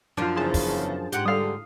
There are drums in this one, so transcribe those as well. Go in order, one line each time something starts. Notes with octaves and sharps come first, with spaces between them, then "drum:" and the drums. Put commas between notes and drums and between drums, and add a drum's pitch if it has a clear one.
F#2 F3 D4 F4
E2 C#3 G#4 C5 A5
drum: kick, open hi-hat
G#2 G4 F#5, drum: hi-hat
D3 G3 A4 F5 D#6